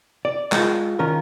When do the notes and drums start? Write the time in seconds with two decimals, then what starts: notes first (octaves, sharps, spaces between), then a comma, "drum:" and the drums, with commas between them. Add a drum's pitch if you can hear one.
0.25 D5
0.52 G#3 F4, drum: clap
0.99 D#3 C#4 F4 A#4